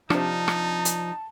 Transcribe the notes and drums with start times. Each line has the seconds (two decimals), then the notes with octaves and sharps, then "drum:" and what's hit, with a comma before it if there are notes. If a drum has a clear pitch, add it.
0.10 C3 F3 D4 D#4 A5, drum: rim click
0.48 drum: rim click
0.85 drum: hi-hat